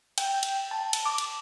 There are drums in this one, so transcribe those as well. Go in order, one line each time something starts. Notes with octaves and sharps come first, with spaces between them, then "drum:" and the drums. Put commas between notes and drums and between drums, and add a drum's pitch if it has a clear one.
G5, drum: cymbal
drum: cymbal
A5
drum: cymbal
D6
drum: cymbal